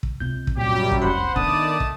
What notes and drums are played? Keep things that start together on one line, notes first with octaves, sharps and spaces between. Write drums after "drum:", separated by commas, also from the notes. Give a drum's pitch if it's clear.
drum: kick
C#2 C3 G6
drum: kick
F#2 A#2 F#3 G3 G4
drum: kick
F1 C2 C5 F#5 B5
D#3 A3 B3 D4 D5 A5 D#6, drum: kick
drum: kick